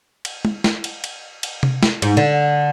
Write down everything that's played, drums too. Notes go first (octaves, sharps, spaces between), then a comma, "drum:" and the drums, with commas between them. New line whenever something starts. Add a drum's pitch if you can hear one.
drum: cymbal
drum: tom
drum: snare
drum: cymbal
drum: cymbal
drum: cymbal
drum: tom C3
drum: snare
G#2, drum: cymbal
D3